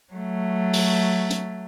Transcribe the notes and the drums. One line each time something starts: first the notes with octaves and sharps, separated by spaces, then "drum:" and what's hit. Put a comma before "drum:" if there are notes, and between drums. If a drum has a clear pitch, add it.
F#3 A3
drum: open hi-hat
drum: hi-hat